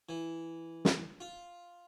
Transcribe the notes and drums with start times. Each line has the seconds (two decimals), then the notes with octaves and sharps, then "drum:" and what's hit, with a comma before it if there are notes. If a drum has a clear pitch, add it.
0.09 E3
0.85 drum: snare
1.20 F4